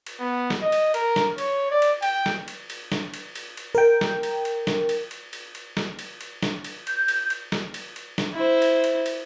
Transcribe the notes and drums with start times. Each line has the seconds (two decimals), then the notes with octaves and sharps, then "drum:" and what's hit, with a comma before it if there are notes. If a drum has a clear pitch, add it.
0.07 drum: cymbal
0.20 B3
0.50 drum: snare
0.62 D#5
0.72 drum: cymbal
0.94 A#4, drum: cymbal
1.16 drum: snare
1.38 C#5, drum: cymbal
1.71 D5
1.82 drum: cymbal
2.02 G5, drum: cymbal
2.26 drum: snare
2.48 drum: cymbal
2.70 drum: cymbal
2.92 drum: snare
3.14 drum: cymbal
3.35 drum: cymbal
3.57 drum: cymbal
3.75 A#4 G5
4.01 drum: snare
4.23 drum: cymbal
4.45 drum: cymbal
4.67 drum: snare
4.89 drum: cymbal
5.11 drum: cymbal
5.33 drum: cymbal
5.55 drum: cymbal
5.77 drum: snare
5.99 drum: cymbal
6.21 drum: cymbal
6.43 drum: snare
6.64 drum: cymbal
6.87 G6, drum: cymbal
7.08 drum: cymbal
7.30 drum: cymbal
7.52 drum: snare
7.74 drum: cymbal
7.96 drum: cymbal
8.18 drum: snare
8.34 E4 C5
8.62 drum: cymbal
8.84 drum: cymbal
9.06 drum: cymbal